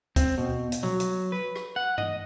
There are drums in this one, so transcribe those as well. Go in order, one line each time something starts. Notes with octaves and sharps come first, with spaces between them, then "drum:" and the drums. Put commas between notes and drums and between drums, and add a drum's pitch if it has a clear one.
C4, drum: kick, hi-hat
B2
drum: hi-hat
F#3, drum: tom B2
drum: hi-hat
B4
drum: rim click
F#5
D#5, drum: tom G2